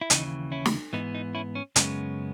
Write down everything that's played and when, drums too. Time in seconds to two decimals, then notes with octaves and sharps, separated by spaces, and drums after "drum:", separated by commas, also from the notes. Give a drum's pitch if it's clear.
0.01 E4
0.10 D#2 C#3 E3 D#4, drum: hi-hat
0.52 C#4 E4
0.66 drum: snare
0.93 G#2 E3 B3 D#4
1.15 D#4
1.35 C#4 E4
1.55 C#4
1.76 F#2 C#3 G#3 B3 C#4, drum: hi-hat